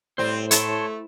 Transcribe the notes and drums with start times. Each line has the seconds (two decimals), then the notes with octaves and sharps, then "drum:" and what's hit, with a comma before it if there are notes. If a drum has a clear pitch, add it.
0.18 A2 G3 C4 C5
0.51 A3 E4 C#5 A5 C6, drum: hi-hat